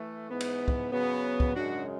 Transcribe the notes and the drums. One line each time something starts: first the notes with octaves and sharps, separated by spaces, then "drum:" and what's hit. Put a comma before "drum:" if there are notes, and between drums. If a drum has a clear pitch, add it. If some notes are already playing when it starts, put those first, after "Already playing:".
Already playing: E3 A3
G#2 E3 B3
drum: cymbal
drum: kick
C#3 F#3 B3
drum: kick
F#2 C#3 G#3 D4 F#4